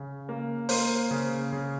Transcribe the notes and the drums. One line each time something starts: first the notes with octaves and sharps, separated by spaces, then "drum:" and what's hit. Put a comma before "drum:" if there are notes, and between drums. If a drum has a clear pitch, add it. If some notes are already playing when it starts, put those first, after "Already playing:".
Already playing: C#3
A#3
A#3 C5, drum: open hi-hat
C#3
C#3